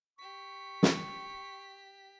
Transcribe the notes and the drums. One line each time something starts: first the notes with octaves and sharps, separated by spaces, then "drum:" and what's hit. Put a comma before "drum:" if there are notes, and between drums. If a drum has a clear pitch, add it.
G4 C#6 B6
drum: snare